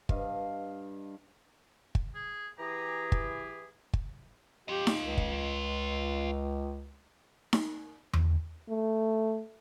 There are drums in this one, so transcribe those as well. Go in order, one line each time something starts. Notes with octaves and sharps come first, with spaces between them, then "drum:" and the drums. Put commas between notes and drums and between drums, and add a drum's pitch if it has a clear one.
G2 D#5 F5, drum: kick
drum: kick
G#4
E3 G4 G#4 A#5
drum: kick
drum: kick
F4 G4 D#5
drum: snare D#4
C#2
drum: kick
drum: snare D#4
drum: tom E2
A3